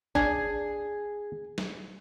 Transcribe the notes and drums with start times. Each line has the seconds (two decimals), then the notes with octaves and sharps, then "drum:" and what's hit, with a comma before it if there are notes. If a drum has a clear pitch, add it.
0.15 D4 G#4, drum: kick
1.58 drum: snare